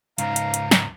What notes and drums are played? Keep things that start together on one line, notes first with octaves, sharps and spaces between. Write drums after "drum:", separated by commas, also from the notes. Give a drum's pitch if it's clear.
C#2 G#2 F5 A#5, drum: hi-hat
drum: hi-hat
drum: hi-hat
drum: snare